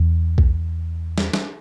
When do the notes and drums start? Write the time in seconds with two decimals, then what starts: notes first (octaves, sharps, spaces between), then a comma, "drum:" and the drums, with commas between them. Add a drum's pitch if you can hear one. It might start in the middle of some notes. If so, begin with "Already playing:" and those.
Already playing: E2
0.38 drum: kick A#1
1.18 drum: snare
1.33 drum: snare